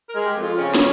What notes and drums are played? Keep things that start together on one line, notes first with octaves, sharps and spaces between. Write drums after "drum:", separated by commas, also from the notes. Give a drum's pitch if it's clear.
A#4
G#3
G4
F2
F4
C#3 C#4
drum: snare